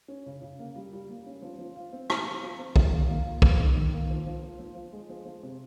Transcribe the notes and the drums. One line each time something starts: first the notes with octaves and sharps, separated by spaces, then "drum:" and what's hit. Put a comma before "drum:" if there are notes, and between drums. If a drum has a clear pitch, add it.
C#4
C#3
C#3
A#3
G3
G3
A#3
C#4
F3
F3
F4
C4
C4, drum: rim click
F4
F3
C4
D#3, drum: kick B1
A#3
A#3
F4
A#3, drum: kick B1
D#3
D#3
A#3
F3
F3
F3
F3
F3
G#3
F3
F3
C3